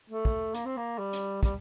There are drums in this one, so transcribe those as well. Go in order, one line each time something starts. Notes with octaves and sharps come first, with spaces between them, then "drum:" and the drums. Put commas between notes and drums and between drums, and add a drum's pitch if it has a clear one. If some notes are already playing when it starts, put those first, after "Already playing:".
A3
drum: kick
A#3, drum: hi-hat
C4
A#3
G3
drum: hi-hat
G3, drum: kick, hi-hat